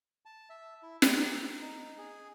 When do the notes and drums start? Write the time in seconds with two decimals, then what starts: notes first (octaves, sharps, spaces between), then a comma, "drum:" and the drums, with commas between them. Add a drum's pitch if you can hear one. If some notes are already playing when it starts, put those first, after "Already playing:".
0.25 A5
0.50 E5
0.83 E4
1.02 B4, drum: snare
1.16 A#5
1.40 A#5
1.61 D#4
1.98 G#4